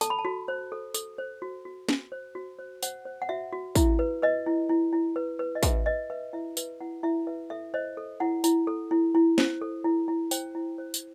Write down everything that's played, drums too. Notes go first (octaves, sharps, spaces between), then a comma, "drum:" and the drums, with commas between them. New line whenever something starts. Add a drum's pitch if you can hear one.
A4 A5, drum: tambourine
B5
A5
F#4
C5
A4
A4, drum: tambourine
C5
F#4
F#4
F#4, drum: snare
C5
F#4
C5
C5 F#5, drum: tambourine
C5
F#5
F#4 E5
F#4
E4 E5, drum: kick, tambourine
B4
B4 D#5
E4
E4
E4
B4
B4
D#5
B4 E5, drum: kick, tambourine
B4 D#5
B4 E5
E4 E5
B4 E5, drum: tambourine
E4 F#5
E4 E5
B4 E5
A4 E5
C5 D#5
A4
E4 F#5
E4, drum: tambourine
A4
E4
E4
C5, drum: snare
A4
E4
E4
C5 G5, drum: tambourine
E4
C5
drum: tambourine